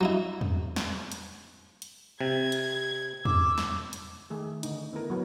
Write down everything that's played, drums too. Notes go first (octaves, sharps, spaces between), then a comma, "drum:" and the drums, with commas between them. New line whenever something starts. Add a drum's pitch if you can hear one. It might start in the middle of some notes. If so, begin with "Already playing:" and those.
F#3 D#4 E4
drum: tom E2
drum: snare
drum: hi-hat
drum: hi-hat
C3 G#6
drum: hi-hat
D6 E6, drum: tom E2
drum: snare
drum: hi-hat
D#3 A3 G#4
D3 D#4, drum: hi-hat
B3 E4 A4 A#4
F#3 B3 F#4